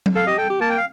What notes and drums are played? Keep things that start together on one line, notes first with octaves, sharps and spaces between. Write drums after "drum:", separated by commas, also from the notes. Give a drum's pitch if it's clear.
drum: tom F#3
A4 F5
G4 D#5
A4 G5
G4
A#3 A5
G5
F5